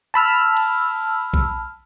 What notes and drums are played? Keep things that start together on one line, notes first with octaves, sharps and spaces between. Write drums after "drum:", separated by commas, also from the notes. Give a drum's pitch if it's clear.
A5 B5 E6 F6
drum: cymbal
drum: kick B1